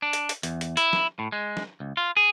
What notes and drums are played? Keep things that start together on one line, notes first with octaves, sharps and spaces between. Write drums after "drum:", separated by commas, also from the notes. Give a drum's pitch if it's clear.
D4
drum: hi-hat
drum: hi-hat
E2, drum: hi-hat
drum: hi-hat
E4, drum: hi-hat
drum: snare
A2
G#3
drum: snare
C#2
F4
G#4